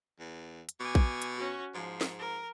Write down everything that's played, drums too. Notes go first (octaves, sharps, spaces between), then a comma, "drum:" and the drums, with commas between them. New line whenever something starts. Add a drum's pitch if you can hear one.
E2
drum: hi-hat
B2 G#5 D6
drum: kick
drum: hi-hat
C#4 F#4
G#2 F3
drum: snare
A#4